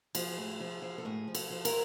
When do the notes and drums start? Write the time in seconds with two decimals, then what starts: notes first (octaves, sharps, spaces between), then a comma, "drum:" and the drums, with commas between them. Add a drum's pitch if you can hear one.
0.15 F3 G#4, drum: cymbal
0.38 A2
0.60 F3
0.82 F3
0.98 A4
1.05 A2 G#4
1.28 F3
1.35 A4, drum: cymbal
1.50 F3
1.65 A#4, drum: cymbal